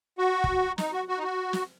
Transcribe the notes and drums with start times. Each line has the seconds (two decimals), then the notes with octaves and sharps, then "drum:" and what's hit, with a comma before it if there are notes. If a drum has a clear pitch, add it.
0.18 F#4
0.44 drum: kick
0.78 D#4, drum: snare
0.93 F#4
1.08 F#4
1.19 D#4
1.23 F#4
1.53 drum: snare